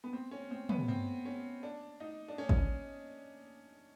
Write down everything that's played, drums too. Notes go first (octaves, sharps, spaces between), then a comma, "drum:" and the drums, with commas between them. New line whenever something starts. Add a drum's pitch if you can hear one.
B3
C4
C#4
C4
B3, drum: tom
C4
C#4
D4
D#4
D4
C#4
drum: kick